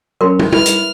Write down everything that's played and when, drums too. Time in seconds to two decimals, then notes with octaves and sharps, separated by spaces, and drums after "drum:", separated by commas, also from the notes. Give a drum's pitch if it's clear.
0.21 F#3 C#4 A#4 C6
0.39 drum: tom
0.53 E4 B4 F6, drum: tom
0.66 drum: hi-hat